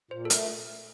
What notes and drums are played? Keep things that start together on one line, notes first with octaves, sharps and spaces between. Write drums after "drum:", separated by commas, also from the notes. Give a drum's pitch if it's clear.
A#2 C5
A4
A3 A#4, drum: hi-hat